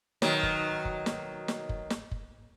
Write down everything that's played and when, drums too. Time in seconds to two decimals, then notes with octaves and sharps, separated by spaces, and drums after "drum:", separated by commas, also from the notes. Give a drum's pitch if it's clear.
0.22 B2 D#3 F#3, drum: snare
0.43 drum: kick F#1
0.85 drum: kick F#1
1.06 drum: snare
1.48 drum: snare
1.69 drum: kick F#1
1.90 drum: snare
2.11 drum: kick F#1